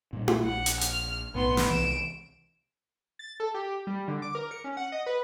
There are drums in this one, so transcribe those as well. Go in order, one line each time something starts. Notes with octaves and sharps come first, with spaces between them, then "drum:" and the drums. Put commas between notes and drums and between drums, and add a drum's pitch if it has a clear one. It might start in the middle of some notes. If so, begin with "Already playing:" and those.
A#2 G3
drum: tom E4
A#1 F#5
drum: hi-hat
F6, drum: hi-hat
B1 A2 B3 C6
drum: snare
C2 E3 G#3 D7 E7
A6
A4
G4
G3
D3
D6
A#4
C#7
C#4
F#5
D#5
B4